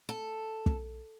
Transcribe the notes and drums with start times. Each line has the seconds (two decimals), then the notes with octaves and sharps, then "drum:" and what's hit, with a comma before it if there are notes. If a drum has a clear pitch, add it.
0.09 A4
0.66 drum: kick